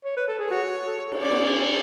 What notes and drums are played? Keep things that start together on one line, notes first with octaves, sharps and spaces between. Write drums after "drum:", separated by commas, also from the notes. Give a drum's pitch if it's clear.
C#5
B4
A4
G#4
F#4 C#5
A4
drum: cymbal
C#4 D5
B3, drum: cymbal
C#4